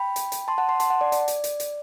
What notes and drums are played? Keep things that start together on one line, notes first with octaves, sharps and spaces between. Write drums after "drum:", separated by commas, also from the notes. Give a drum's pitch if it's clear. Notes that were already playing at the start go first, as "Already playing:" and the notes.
Already playing: G5 B5
drum: hi-hat
drum: hi-hat
A5 C6
F#5 A5
A5 C6
A5 C6, drum: hi-hat
F#5 A5
D5
D5, drum: hi-hat
drum: hi-hat
drum: hi-hat
drum: hi-hat